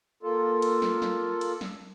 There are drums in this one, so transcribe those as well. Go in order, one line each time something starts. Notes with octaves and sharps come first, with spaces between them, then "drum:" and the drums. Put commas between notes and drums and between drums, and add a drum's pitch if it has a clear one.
A#3 F4 A4
drum: cymbal
drum: snare
drum: snare
drum: cymbal
drum: snare